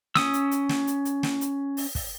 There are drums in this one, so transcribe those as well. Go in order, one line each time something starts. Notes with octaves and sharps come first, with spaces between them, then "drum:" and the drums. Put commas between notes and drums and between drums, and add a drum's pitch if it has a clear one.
C#4 D#6 E6, drum: snare
drum: hi-hat
drum: hi-hat
drum: snare
drum: hi-hat
drum: hi-hat
drum: snare
drum: hi-hat
drum: open hi-hat
drum: kick, open hi-hat